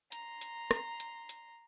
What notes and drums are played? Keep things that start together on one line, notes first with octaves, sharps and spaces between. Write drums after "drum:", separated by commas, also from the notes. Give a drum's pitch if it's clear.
A#5 C6, drum: hi-hat
drum: hi-hat
drum: rim click
drum: hi-hat
drum: hi-hat